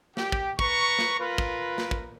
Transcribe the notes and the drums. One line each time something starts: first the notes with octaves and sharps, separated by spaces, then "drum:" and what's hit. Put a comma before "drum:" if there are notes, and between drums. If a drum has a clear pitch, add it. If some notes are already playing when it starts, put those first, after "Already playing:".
G4 G5, drum: snare
drum: kick
B4 A#5 C#6, drum: kick
drum: snare
F4 A#4 B4
drum: kick
drum: snare
drum: kick